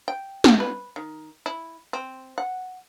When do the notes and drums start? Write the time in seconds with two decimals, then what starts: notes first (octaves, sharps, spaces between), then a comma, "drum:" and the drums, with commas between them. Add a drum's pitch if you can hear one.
0.08 G5
0.44 drum: snare
0.60 B4
0.96 D#3
1.46 E4
1.93 C4
2.38 F#5